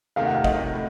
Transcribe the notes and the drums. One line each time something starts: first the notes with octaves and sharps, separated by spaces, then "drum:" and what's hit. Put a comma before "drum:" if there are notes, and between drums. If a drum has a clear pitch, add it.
C3 D#3 A3 F5
F#5
F5
C3 D#3 A3 D#5, drum: kick
A2